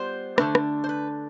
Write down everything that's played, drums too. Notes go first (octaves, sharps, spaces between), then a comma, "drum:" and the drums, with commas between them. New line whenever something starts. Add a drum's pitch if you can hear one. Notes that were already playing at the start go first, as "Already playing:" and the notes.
Already playing: G3 B3 F4 C5
D3 A3 D4, drum: rim click
drum: rim click
C5
B4